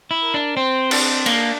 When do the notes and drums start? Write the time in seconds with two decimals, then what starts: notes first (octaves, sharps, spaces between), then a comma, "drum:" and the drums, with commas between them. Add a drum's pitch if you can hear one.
0.11 E4
0.22 A#4
0.34 D4
0.57 C4 C5
0.91 D4, drum: cymbal
1.26 A#3, drum: cymbal